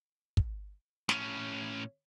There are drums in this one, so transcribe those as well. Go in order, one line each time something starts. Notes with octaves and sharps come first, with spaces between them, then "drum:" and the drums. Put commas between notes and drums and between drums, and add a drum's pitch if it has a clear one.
drum: kick
A2 C#4, drum: snare